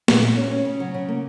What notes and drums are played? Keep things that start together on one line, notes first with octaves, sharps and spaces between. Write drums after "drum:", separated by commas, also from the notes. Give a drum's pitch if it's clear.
A#2, drum: snare
F#4
C#4
C#4
C#3
F#3
C#3
A#3